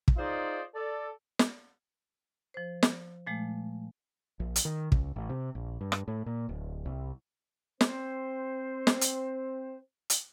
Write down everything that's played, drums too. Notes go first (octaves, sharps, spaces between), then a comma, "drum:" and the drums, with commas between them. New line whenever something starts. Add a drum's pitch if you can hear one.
drum: kick
D#4 F4 G#4 C5 D5 D#5
A4 D5
drum: snare
F3 C5
drum: snare
A#2 F3 G#3 A3
A#1
drum: hi-hat
D#3
C#2, drum: kick
A1
C3
A#1
G2
drum: rim click
A2
A#2
D1
C2
C4 C5, drum: snare
drum: snare
drum: hi-hat
drum: hi-hat